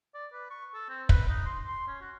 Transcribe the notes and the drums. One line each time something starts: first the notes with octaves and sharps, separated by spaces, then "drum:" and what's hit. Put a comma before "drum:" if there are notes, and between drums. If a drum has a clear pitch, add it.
D5
B4
C#6
A4
C4
B4, drum: kick
D#4
C6
C6
C#4
F#4